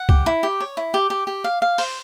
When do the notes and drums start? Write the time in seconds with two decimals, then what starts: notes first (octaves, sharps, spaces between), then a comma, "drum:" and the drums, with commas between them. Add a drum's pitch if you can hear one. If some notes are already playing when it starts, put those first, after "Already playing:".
Already playing: F#5
0.09 G4, drum: kick
0.26 E4
0.43 G4
0.60 C#5
0.77 E4
0.94 G4
1.10 G4
1.27 G4
1.44 F5
1.62 F5
1.78 C5, drum: open hi-hat